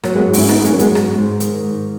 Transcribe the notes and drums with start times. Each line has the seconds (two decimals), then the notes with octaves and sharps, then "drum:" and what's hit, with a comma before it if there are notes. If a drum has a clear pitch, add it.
0.03 F#3 A#3, drum: rim click
0.15 G#3 B3
0.27 G#2
0.33 F#4, drum: open hi-hat
0.37 C#4 E4
0.49 D#3 B3 D#4, drum: rim click
0.64 A#3 C#4, drum: hi-hat
0.72 F#3
0.79 G#3 B3, drum: hi-hat
0.95 G#2, drum: rim click
1.17 G#2
1.40 D#3, drum: hi-hat
1.63 G#2